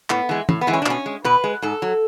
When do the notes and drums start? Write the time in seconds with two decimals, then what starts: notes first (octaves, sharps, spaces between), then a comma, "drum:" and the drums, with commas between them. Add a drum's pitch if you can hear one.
0.10 A2 B3, drum: clap
0.29 E3 G#3
0.49 A2, drum: tom
0.61 B3
0.67 E3 G#3
0.73 C#4
0.82 D4
0.86 B2 C#4, drum: clap
1.06 G#3
1.24 B2 B4
1.44 G#3
1.62 G#2 A4
1.82 F#3